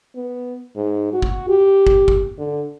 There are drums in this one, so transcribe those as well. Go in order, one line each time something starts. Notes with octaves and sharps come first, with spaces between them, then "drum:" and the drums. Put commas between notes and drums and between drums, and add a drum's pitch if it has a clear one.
B3
G#2
F#4
drum: kick
G4
drum: kick
drum: kick
D3